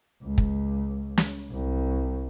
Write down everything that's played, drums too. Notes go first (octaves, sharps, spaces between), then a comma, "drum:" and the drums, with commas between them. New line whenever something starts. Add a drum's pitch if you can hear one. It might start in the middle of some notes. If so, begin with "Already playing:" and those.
C#2
drum: kick
drum: snare
C2